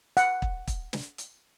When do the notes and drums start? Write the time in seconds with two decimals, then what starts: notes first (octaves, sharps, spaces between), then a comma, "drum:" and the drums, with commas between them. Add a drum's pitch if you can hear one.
0.17 F#5, drum: hi-hat
0.42 drum: kick
0.67 drum: kick, hi-hat
0.93 drum: snare
1.18 drum: hi-hat